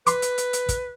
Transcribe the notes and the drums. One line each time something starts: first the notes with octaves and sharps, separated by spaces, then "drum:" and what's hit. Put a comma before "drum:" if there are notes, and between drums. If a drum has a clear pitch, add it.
B4 C6 D6, drum: hi-hat
drum: hi-hat
drum: hi-hat
drum: hi-hat
drum: kick, hi-hat